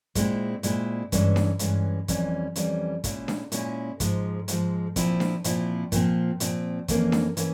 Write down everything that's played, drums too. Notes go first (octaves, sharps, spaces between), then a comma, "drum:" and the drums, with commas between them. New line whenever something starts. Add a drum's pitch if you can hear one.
A#2 G#3 C4 E4, drum: kick, hi-hat
A#2 G#3 C4 E4, drum: hi-hat
G2 E3 G#3 C#4, drum: kick, hi-hat
drum: snare D4
G2 E3 G#3 C#4, drum: hi-hat
F2 E3 G3 C#4, drum: kick, hi-hat
F2 E3 G3 C#4, drum: hi-hat
A#2 G#3 C#4 E4, drum: kick, hi-hat
drum: snare D4
A#2 G#3 C#4 E4, drum: hi-hat
G#2 F3 G#3, drum: kick, hi-hat
G#2 F3 G#3, drum: hi-hat
A#2 F3 C4 E4, drum: kick, hi-hat
drum: snare D4
A#2 F3 C4 E4, drum: hi-hat
A#2 F3 C4, drum: kick, hi-hat
A#2 F3 C4, drum: hi-hat
F2 E3 A#3 C#4, drum: kick, hi-hat
drum: snare D4
E3 A#3 C#4, drum: hi-hat